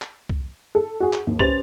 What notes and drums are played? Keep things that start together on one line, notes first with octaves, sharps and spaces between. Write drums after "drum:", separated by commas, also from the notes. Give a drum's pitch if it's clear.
drum: clap
drum: kick C2
A4
F#4 G#4
drum: clap
D#2
C#4 G4 B4 C5 A6 F7, drum: kick C2